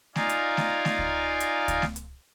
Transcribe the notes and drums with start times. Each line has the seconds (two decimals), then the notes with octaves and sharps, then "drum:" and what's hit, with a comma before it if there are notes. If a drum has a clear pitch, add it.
0.16 D#4 F4 D5 F5 G#5 A#5, drum: snare A3
0.29 drum: hi-hat
0.57 drum: snare A3
0.85 drum: snare A3
0.99 drum: kick C#2
1.40 drum: hi-hat
1.68 drum: kick C#2, hi-hat
1.82 drum: snare A3
1.96 drum: hi-hat